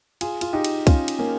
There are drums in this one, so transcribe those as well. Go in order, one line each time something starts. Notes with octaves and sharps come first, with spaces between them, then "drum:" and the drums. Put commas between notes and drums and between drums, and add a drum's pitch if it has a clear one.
F4 G#4, drum: cymbal
F4, drum: cymbal
D#4 G4
drum: cymbal
C#4 F4, drum: kick C2, cymbal
drum: cymbal
A#3 C#4